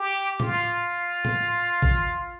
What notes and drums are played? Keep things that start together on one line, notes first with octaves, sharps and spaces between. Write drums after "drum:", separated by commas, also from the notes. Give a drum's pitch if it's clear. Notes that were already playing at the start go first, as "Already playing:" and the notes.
Already playing: G4
F4, drum: tom A2
drum: tom A2
drum: kick G#1